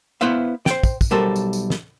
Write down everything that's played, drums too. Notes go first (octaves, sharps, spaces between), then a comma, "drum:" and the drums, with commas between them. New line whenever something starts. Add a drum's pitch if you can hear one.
B3 E4 B4 C5 E5 F5
C5 G5, drum: snare
drum: kick, tambourine
drum: kick, tambourine
B1 G3 A4 A#4 C5
drum: tambourine
drum: tambourine
drum: snare